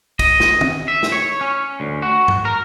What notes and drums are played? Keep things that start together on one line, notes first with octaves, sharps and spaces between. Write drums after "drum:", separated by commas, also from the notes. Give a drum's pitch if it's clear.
D#5, drum: kick, cymbal
drum: snare
drum: tom
E5
drum: snare
C#5
C#4
D2
F#4
drum: tom
A#4